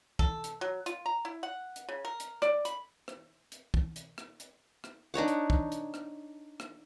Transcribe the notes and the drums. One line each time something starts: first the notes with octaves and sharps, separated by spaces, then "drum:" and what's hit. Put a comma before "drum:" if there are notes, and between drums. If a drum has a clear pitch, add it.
A4, drum: kick
drum: hi-hat
F#3
F4, drum: hi-hat
A#5
E4
F#5
drum: hi-hat
C#3
A#4
drum: hi-hat
D5, drum: rim click
B5, drum: hi-hat
drum: rim click
drum: hi-hat
drum: kick
drum: hi-hat
drum: rim click
drum: hi-hat
drum: rim click
D4 D#4 C#5 F#5
drum: hi-hat
drum: kick
drum: hi-hat
drum: rim click
drum: rim click